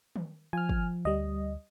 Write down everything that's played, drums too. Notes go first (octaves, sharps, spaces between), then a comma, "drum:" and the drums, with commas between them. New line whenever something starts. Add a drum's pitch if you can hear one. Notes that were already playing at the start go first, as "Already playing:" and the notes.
drum: tom D#3
F3 G#5 F6
drum: kick
D2 G3 D#5